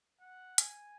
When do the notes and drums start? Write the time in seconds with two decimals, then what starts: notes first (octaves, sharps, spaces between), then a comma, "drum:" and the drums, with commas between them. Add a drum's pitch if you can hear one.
0.21 F#5
0.58 G#5, drum: hi-hat